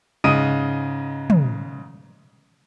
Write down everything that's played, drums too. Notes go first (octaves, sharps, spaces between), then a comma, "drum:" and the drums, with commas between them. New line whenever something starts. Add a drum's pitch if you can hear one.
G#2 C#3 D#5 D#6 D7 D#7
drum: tom